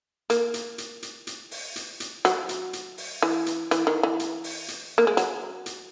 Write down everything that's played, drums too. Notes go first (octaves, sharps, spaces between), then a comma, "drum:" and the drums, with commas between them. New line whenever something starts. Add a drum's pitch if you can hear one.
A#3, drum: hi-hat
drum: hi-hat
drum: hi-hat
drum: hi-hat
drum: hi-hat
drum: open hi-hat
drum: hi-hat
drum: hi-hat
F#3, drum: hi-hat
drum: hi-hat
drum: hi-hat
drum: open hi-hat
E3
drum: hi-hat
E3, drum: hi-hat
D#3
E3
drum: hi-hat
drum: open hi-hat
drum: hi-hat
A#3
G#3
F#3, drum: hi-hat
drum: hi-hat